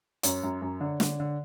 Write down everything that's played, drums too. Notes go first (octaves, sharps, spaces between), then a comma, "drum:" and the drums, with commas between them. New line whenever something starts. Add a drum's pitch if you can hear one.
F#2 C#5, drum: hi-hat
F#2
F#2
D3
D3, drum: snare
D3